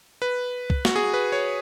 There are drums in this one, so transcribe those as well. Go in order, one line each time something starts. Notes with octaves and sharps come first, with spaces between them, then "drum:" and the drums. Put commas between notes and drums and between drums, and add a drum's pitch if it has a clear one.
B4
drum: kick
F#4, drum: snare
G#4
B4
C#5